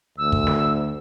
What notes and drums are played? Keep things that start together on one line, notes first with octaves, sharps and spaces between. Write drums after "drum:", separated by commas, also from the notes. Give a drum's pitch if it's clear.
D2 E6
drum: kick
drum: snare